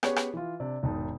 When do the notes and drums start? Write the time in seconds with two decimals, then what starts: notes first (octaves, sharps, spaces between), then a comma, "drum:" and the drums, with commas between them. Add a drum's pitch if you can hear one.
0.03 B3 C#4 G4 G#4 C#5, drum: rim click
0.16 drum: rim click
0.34 E3 F4
0.60 C3 D4 D5
0.83 E1 G#2 D#3 D#4 A5